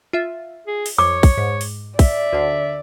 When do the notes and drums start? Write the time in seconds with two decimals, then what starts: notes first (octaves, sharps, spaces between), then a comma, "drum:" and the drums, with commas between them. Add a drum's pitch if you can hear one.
0.13 F4 E5
0.67 G#4
0.86 drum: open hi-hat
0.98 F2 C#5 D6
1.23 drum: kick, open hi-hat
1.38 G#2
1.61 drum: open hi-hat
1.99 D5 E5, drum: kick, open hi-hat
2.33 D2 D3